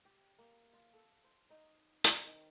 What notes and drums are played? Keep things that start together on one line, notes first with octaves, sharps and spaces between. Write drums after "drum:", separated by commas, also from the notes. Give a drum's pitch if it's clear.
G4
A#3
F4
A4
C5
D#4
C4, drum: hi-hat
D#3